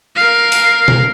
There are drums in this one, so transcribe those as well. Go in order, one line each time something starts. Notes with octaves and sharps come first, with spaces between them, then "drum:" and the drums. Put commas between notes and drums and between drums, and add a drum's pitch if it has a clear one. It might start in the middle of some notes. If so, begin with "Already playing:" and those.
A#4 F5
drum: open hi-hat
drum: tom B2